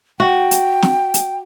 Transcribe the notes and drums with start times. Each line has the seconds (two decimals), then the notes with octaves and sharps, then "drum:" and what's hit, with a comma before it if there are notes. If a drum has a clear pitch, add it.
0.20 F#4 G5
0.51 drum: hi-hat
0.82 drum: snare
1.14 drum: hi-hat